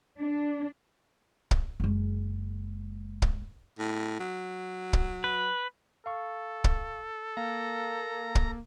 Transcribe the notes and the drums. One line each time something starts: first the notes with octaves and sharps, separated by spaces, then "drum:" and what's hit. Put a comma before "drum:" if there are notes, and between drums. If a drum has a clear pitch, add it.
D4
drum: kick
F#1 G#3
drum: kick
A2
F#3
drum: kick
B4
A4 F5 C#6
drum: kick
A#3 F5 A#5
drum: kick